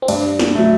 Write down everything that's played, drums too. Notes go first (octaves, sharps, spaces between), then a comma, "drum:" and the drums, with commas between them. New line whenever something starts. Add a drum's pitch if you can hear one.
C4
G2 D4, drum: cymbal
drum: snare
F#3 A3